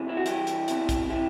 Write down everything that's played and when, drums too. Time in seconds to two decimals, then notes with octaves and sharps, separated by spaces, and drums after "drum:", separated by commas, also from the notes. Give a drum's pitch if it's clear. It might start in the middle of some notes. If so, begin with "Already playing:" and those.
Already playing: E2 C3 E3
0.09 E4
0.17 F#4
0.26 G2 E3 E4 G4, drum: hi-hat
0.47 drum: hi-hat
0.68 E2 C3 E3, drum: hi-hat
0.89 drum: kick, hi-hat
1.10 E3 E4 G4